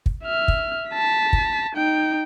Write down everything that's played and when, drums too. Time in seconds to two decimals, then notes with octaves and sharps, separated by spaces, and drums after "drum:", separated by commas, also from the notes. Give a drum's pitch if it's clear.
0.06 drum: kick
0.23 E5 F6
0.48 drum: kick
0.91 A5 B6
1.33 drum: kick
1.75 D#4 G5